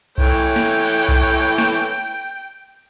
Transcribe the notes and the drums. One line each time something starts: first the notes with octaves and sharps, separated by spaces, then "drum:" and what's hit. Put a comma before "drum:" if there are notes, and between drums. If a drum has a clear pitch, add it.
E3 A3 C#5 G5, drum: kick B1
drum: snare
drum: cymbal
drum: kick B1
drum: snare